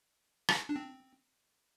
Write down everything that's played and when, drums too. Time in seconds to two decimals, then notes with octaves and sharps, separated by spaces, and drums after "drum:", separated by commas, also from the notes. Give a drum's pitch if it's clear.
0.49 drum: rim click
0.69 D4
0.76 C4